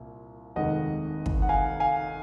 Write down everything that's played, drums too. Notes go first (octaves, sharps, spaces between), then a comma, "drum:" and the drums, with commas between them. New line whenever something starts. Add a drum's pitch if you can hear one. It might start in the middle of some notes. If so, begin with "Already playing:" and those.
Already playing: C2 A#2
F1 D#2 D#3 G#3 D#5 F#5
drum: kick
F#5
F5 G#5
F5 G#5